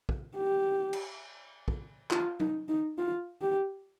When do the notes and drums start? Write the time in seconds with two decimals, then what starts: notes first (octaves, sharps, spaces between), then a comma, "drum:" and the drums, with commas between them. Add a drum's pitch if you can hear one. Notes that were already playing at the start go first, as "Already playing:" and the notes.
0.09 drum: kick
0.36 G4
0.93 drum: cymbal
1.68 drum: kick
2.11 F4, drum: clap
2.40 D#4, drum: tom F#3
2.69 D#4
2.98 F4
3.42 G4